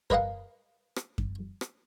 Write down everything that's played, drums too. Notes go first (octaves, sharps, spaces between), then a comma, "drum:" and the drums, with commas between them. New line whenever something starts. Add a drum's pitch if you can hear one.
A#4 B4 D#5 F5 F#5, drum: kick F#2
drum: rim click
drum: kick F#2
drum: rim click